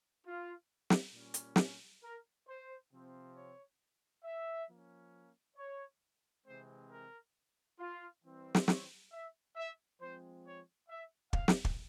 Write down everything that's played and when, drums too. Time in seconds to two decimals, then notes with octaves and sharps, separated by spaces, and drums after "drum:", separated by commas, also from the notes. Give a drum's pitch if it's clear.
0.26 F4
0.90 drum: snare
1.13 A#2 G3 C#4
1.34 drum: hi-hat
1.56 drum: snare
2.03 A#4
2.47 C5
2.91 C3 F3 C4
3.36 C#5
4.23 E5
4.68 F3 A#3 C#4
5.56 C#5
6.46 C3 E3 G#3 C4 C5
6.89 A#4
7.79 F4
8.23 E3 G3 C4
8.55 drum: snare
8.68 C#5, drum: snare
9.12 E5
9.56 E5
9.99 F3 G#3 C4 C5
10.44 C#5
10.88 E5
11.33 F5, drum: kick
11.48 drum: snare
11.65 drum: kick